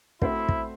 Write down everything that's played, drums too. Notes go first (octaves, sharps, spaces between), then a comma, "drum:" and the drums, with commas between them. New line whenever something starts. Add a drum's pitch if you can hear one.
A3 C4 E4 F#4 C5 E5, drum: kick
drum: kick